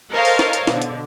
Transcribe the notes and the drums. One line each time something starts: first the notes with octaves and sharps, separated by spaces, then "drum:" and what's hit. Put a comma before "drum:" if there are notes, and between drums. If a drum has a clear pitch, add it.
A4 A#4 C5 C#5 D#5 F5
drum: open hi-hat
drum: snare D#4
drum: hi-hat
B2 D3, drum: snare D#4
drum: hi-hat